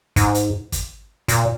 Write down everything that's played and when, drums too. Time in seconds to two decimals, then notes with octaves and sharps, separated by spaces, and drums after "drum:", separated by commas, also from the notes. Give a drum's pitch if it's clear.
0.16 G#2, drum: kick, hi-hat
0.34 drum: hi-hat
0.72 drum: kick, hi-hat
1.28 A#2, drum: hi-hat